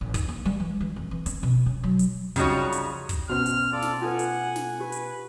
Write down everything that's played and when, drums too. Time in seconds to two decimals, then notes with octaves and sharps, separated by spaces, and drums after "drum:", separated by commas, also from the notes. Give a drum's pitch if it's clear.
0.01 A1
0.14 D#4, drum: kick, hi-hat
0.29 A#3
0.45 G3
0.60 E3
0.81 E3
0.96 F2
1.11 E3
1.26 C4, drum: hi-hat
1.43 B2
1.66 C#4
1.84 F#3
1.99 drum: hi-hat
2.36 C#3 F3 G3 D#4 F#4 C#5, drum: kick, hi-hat
2.72 drum: hi-hat
3.09 drum: kick, hi-hat
3.30 B2 C#4 F#4 C5 F6
3.46 drum: hi-hat
3.73 F4 A4 D5
3.82 drum: snare
4.02 F4 A4 B4 F#5 G#5
4.19 drum: hi-hat
4.56 drum: snare
4.80 G4 B4
4.92 drum: hi-hat